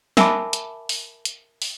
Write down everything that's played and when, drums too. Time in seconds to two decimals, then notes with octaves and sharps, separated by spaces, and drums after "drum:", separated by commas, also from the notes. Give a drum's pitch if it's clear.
0.17 A#4 E5 G#5 A5 B5 D6, drum: snare
0.53 drum: hi-hat
0.89 drum: open hi-hat
1.25 drum: hi-hat
1.62 drum: open hi-hat